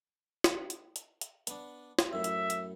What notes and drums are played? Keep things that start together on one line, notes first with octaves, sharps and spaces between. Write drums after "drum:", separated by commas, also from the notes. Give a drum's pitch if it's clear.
drum: snare
drum: hi-hat
drum: hi-hat
drum: hi-hat
B3 D4, drum: hi-hat
drum: snare
F#2 A2 E5
drum: hi-hat
drum: hi-hat